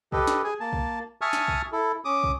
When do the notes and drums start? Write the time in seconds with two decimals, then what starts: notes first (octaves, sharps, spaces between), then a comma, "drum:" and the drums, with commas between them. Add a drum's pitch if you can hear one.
0.12 G4 A4 B4 D#5, drum: kick
0.27 drum: snare
0.44 G#4 G#5
0.60 A#3 A5
0.73 drum: kick
1.21 E5 G#5 A5 C#6 D#6 F6
1.33 drum: snare
1.48 drum: kick
1.72 E4 A4
2.05 C#4 D6 D#6
2.24 drum: kick